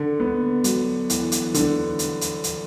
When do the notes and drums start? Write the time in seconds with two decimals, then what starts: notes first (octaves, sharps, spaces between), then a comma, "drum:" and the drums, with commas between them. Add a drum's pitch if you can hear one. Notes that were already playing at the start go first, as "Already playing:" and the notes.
Already playing: D3
0.20 B3
0.64 F#3, drum: hi-hat
1.10 E2, drum: hi-hat
1.32 drum: hi-hat
1.54 D3, drum: hi-hat
1.99 drum: hi-hat
2.21 drum: hi-hat
2.44 drum: hi-hat